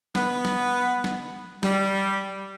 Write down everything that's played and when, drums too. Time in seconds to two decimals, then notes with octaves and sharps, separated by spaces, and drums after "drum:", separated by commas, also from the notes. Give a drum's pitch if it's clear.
0.15 B3, drum: snare
0.45 drum: snare
1.04 drum: snare
1.63 G3, drum: snare